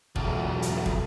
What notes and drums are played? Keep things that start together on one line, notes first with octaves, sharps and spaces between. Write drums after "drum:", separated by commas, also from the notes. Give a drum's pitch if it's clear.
B1 E2, drum: kick
drum: hi-hat
drum: kick